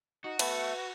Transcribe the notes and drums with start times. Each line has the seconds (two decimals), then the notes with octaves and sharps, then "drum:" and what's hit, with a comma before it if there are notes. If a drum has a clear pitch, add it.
0.24 D#4 F#4
0.39 A3 B3 B4, drum: cymbal